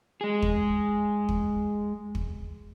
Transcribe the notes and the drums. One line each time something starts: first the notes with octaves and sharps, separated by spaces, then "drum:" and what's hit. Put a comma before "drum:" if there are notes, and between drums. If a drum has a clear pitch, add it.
G#3 G#4
drum: kick
drum: kick
drum: kick